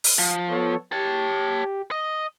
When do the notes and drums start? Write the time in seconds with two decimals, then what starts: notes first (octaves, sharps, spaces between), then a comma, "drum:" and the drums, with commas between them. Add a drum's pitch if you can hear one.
0.04 drum: open hi-hat
0.19 F3
0.49 B3 A4 C#5
0.92 G4 C#5 A5
1.91 D#5